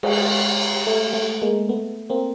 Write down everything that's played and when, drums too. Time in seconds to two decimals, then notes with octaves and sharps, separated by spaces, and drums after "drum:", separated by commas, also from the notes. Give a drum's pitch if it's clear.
0.03 G#3, drum: cymbal
0.87 A3
1.13 A3
1.42 G#3 A#3
1.69 A3 B3
2.10 A#3 C4